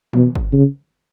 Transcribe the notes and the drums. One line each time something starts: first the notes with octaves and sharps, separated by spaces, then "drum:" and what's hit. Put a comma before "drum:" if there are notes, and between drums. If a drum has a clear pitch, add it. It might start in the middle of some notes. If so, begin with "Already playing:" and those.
B2, drum: tom D#3
drum: kick
C#3